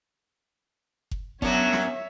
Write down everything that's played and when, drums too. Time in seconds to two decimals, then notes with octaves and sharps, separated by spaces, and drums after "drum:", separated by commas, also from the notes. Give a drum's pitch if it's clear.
1.11 drum: kick F#1
1.42 F#3 B3 C#4 D4 A#4 C#5 E5, drum: kick F#1
1.73 drum: snare